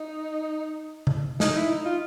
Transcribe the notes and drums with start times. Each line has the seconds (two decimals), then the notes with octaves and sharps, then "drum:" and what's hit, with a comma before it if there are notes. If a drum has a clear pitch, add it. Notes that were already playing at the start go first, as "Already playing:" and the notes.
Already playing: D#4
1.07 drum: tom C#3
1.40 D#4, drum: snare
1.56 E4
1.70 D#4
1.85 F4